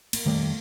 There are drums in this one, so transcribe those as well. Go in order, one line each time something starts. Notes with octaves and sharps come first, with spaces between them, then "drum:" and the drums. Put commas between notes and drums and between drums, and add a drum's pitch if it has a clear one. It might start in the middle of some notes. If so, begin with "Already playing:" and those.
A#3, drum: cymbal
F2 D#3 G3 A3 A#3